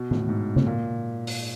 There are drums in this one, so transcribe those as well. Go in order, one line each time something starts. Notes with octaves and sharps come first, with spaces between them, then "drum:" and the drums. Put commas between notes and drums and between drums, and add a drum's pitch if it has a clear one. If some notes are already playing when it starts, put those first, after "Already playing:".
Already playing: B2
A2, drum: tom D#3
G#2
drum: tom
A#2
drum: open hi-hat